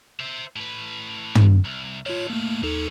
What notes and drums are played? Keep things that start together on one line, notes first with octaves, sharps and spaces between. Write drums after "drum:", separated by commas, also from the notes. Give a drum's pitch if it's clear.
C5 E5
A2 B4
drum: tom
C2
A2 D#3 F4 C#5
A3 A#3
D#2 F3 C#4 D#4 A4